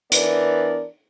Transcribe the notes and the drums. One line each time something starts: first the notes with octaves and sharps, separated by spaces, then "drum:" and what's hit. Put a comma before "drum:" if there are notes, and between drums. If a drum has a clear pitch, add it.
E3 B3 D4 A#4 D5, drum: hi-hat